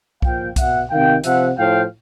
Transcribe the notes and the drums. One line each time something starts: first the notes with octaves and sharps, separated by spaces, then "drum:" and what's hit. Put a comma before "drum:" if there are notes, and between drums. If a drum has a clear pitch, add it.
A#2 F3 F5 G5, drum: kick B1
B2 E5 F#5, drum: kick B1, hi-hat
C3 D#3 F5 G5
C3 F3 E5 F#5, drum: hi-hat
A2 F3 F5 G5